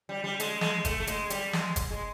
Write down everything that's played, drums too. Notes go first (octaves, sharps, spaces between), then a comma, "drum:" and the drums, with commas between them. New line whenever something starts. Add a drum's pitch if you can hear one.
G3
G3
G#3, drum: hi-hat
G#3, drum: snare
A3, drum: kick, hi-hat
A3
G#3, drum: hi-hat
G3, drum: hi-hat
G#3, drum: snare
drum: kick, hi-hat
G#3